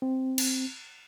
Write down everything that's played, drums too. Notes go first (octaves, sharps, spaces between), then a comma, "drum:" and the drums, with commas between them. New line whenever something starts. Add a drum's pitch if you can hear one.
C4
drum: cymbal